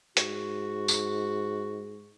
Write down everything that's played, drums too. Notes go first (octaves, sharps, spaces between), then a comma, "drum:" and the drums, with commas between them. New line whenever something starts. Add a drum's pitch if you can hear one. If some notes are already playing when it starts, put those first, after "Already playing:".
G#2 F#4, drum: hi-hat
drum: tambourine